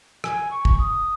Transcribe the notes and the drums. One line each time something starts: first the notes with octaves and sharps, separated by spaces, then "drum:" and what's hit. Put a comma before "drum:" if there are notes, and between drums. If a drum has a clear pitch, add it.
G#5, drum: rim click
C#6
drum: kick
D#6